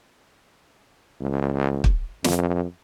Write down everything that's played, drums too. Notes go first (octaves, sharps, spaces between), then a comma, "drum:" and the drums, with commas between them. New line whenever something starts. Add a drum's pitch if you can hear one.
C#2
drum: kick
F2, drum: snare